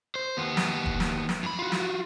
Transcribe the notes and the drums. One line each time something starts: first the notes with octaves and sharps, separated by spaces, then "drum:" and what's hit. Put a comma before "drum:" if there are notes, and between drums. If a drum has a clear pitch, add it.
C5
D#2 B3
drum: snare
drum: kick
drum: snare
drum: snare
F2 B5
F4 F#4
drum: snare